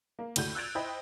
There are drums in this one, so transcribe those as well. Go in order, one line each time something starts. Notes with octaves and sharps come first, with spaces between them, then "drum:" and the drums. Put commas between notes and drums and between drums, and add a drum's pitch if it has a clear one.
A#3
D2 A2 D3 F#4 G6, drum: cymbal
E6 F#6 G#6 A6 D7 F7
E4 C5 D#5 G5 B5